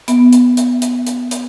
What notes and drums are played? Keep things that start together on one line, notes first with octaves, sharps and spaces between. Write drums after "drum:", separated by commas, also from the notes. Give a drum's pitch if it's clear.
B3, drum: hi-hat
drum: hi-hat
drum: hi-hat
drum: hi-hat
drum: hi-hat
drum: hi-hat